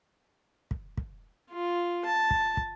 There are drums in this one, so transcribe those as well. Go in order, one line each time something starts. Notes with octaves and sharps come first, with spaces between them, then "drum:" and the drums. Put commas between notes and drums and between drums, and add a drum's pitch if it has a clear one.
drum: kick
drum: kick
F4
A5
drum: kick
drum: kick